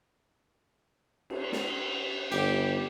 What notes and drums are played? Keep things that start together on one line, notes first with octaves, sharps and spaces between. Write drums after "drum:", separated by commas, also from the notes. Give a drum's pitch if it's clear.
drum: cymbal
drum: snare
G1 G4, drum: cymbal